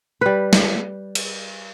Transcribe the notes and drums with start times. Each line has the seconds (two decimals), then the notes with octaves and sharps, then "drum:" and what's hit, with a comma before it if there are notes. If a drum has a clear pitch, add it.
0.21 G3 B4
0.53 drum: snare
1.15 drum: cymbal